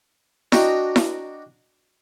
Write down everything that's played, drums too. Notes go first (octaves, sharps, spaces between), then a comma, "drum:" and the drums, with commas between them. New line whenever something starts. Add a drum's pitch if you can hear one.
D4 F#4 D#5 G5 A#5, drum: snare E4
drum: snare E4